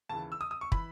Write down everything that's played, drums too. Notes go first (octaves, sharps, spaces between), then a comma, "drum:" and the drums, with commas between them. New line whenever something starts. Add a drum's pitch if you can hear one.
D#2 C#3 E3 A5
E6
D#6
D#6
C#6
E3 B5, drum: kick